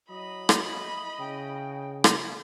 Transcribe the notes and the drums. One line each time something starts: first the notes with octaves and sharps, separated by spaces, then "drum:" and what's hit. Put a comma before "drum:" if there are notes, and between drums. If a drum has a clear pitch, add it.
F#3 E4 D#5 B5
drum: rim click
C#3 G5
drum: rim click